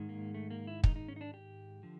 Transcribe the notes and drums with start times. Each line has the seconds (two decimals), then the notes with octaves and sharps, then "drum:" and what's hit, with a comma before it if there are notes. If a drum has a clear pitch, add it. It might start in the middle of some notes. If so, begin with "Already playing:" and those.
Already playing: G#2 D#3 G#3
0.09 A#3
0.34 A3
0.50 A#3
0.67 E4
0.84 D#4, drum: kick
0.96 D#4
1.08 C#4
1.16 D#4
1.21 D4
1.34 G4
1.83 D3 F3